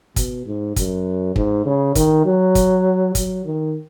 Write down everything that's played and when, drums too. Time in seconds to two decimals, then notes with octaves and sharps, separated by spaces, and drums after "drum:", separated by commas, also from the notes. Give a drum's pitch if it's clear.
0.16 B2, drum: kick, hi-hat
0.46 G#2
0.76 F#2, drum: kick, hi-hat
1.36 G#2, drum: kick
1.66 C#3
1.95 D#3, drum: kick, hi-hat
2.25 F#3
2.55 drum: kick, hi-hat
3.15 F#3, drum: kick, hi-hat
3.45 D#3